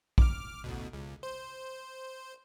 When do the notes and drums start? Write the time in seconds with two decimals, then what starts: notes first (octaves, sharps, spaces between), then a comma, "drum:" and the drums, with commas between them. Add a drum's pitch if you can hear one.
0.18 D6 F6, drum: kick A#1
0.64 A1 D2 B2
0.93 C#2
1.23 C5